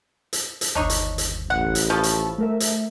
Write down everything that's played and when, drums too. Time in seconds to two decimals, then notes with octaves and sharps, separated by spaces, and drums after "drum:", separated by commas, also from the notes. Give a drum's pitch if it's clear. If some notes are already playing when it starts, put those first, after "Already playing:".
0.33 drum: hi-hat
0.61 drum: hi-hat
0.75 G1 D#2 D4 D#4 C#5
0.90 drum: hi-hat
1.18 drum: hi-hat
1.50 A1 F#5
1.75 drum: hi-hat
1.90 F3 A4 A5 B5 C#6
2.03 drum: hi-hat
2.38 A3 A#4 E5
2.60 drum: hi-hat